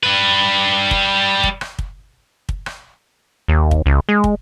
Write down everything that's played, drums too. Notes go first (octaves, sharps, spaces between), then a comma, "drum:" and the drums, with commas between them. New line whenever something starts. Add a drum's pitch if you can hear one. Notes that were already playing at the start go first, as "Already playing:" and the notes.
G3 B4
drum: kick
drum: kick
drum: rim click
drum: kick
drum: kick
drum: rim click
D#2
drum: kick
C#2
G#3
drum: kick